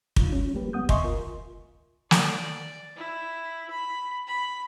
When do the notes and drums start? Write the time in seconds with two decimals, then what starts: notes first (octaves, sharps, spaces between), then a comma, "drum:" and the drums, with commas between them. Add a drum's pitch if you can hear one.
0.16 G3 D4 D#4 F4, drum: kick
0.32 C#4
0.54 F#3 G3 A#3 G4 B4
0.73 D2 G#3 B3 F#5 D#6 G6
0.89 D#5 E5 G#5 C6 C#6, drum: kick
1.04 F4 A#4
2.11 D5, drum: snare
2.96 E4
3.71 B5
4.28 B5